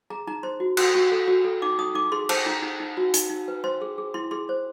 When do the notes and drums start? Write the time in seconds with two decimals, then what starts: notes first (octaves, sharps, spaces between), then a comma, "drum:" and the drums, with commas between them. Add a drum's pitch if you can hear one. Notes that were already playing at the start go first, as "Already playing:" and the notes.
0.10 G#4 A#5
0.27 D#4 A#5
0.43 C5 C6
0.60 F#4
0.77 F#4 C6, drum: cymbal
0.95 F#4 C#6
1.12 A4
1.28 F#4
1.44 A4
1.62 D#4 D6
1.78 D#4 D#6
1.95 D#4 D6
2.12 G#4 C6
2.29 C5 A5, drum: cymbal
2.46 D#4 A#5
2.62 D#4
2.80 D#4
2.97 F#4
3.14 D#4, drum: hi-hat
3.30 D#4
3.48 B4
3.64 C5 C6
3.82 G#4
3.98 G#4
4.14 E4 C6
4.31 G#4 C6
4.49 C5